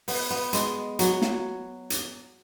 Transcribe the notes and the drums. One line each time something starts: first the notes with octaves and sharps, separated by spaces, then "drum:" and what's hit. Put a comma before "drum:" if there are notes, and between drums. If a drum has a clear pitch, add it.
B3, drum: open hi-hat
B3
G#3, drum: hi-hat
F#3, drum: hi-hat
drum: snare
drum: hi-hat